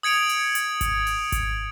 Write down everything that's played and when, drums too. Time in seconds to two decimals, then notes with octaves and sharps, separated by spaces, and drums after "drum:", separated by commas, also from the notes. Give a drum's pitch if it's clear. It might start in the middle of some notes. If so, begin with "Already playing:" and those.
0.03 D#6 G#6 C#7 D7 F7
0.29 drum: open hi-hat
0.55 drum: hi-hat
0.81 drum: kick G#1, hi-hat
1.07 drum: open hi-hat
1.32 drum: kick G#1, hi-hat